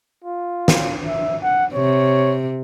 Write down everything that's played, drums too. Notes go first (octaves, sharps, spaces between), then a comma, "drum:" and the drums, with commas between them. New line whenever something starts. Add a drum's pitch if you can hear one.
F4
drum: snare
E5
F#5
C3 C#5